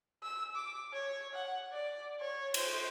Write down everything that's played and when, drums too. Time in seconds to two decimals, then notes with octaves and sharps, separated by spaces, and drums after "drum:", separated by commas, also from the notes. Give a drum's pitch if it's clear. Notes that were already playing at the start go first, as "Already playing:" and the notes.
0.23 E6
0.55 D6
0.93 C#5
1.34 F#5
1.72 D5
2.20 C#5
2.54 C5, drum: cymbal